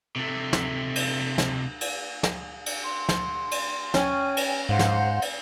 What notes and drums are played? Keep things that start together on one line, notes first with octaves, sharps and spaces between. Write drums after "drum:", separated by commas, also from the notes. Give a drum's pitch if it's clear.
C3 A3
drum: snare
drum: cymbal
drum: snare
drum: cymbal
drum: snare
drum: cymbal
C6
drum: snare
drum: cymbal
C#4 G5 G#5, drum: snare
drum: cymbal
G#2 C5 F5 F#5
drum: snare
drum: cymbal